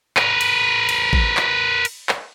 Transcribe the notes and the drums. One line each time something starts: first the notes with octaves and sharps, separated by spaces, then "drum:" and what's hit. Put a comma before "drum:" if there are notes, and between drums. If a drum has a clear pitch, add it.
A#4 B4, drum: clap
drum: cymbal
drum: cymbal
drum: kick A1
drum: clap
drum: cymbal
drum: clap